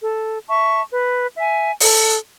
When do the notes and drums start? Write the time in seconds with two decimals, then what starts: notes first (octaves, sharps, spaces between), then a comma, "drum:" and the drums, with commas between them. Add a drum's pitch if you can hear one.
0.02 A4
0.47 E5 A5 C#6
0.91 B4
1.36 E5 G#5
1.80 A4, drum: open hi-hat